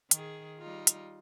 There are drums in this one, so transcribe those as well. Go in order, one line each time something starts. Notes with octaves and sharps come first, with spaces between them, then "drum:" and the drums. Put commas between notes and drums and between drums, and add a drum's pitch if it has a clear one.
D#3 G#4, drum: hi-hat
G3 D#4 F4
drum: hi-hat